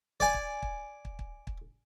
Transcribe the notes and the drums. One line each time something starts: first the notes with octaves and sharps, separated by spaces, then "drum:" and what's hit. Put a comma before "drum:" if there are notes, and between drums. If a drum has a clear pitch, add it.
D5 G#5, drum: kick
drum: kick
drum: kick
drum: kick
drum: kick
drum: kick